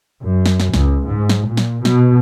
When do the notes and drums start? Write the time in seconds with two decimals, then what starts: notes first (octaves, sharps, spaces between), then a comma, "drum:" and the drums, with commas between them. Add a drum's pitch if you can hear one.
0.23 F#2
0.46 drum: snare
0.60 drum: snare
0.74 C#2, drum: snare
1.08 G#2
1.29 drum: snare
1.46 A#2
1.57 drum: snare
1.85 B2, drum: snare